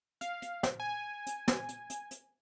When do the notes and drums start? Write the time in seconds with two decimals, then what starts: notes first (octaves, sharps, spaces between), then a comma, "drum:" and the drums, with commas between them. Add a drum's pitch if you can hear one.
0.21 F5, drum: hi-hat
0.42 drum: hi-hat
0.63 drum: snare
0.80 G#5
1.27 drum: hi-hat
1.48 drum: snare
1.69 drum: hi-hat
1.90 drum: hi-hat
2.11 drum: hi-hat